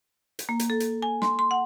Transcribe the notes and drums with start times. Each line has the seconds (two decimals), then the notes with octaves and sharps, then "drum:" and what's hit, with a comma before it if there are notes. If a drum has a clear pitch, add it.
0.39 drum: hi-hat
0.49 A#3
0.60 drum: hi-hat
0.70 A4
0.80 drum: hi-hat
1.02 G#5
1.22 C6, drum: snare
1.39 C6
1.51 F#5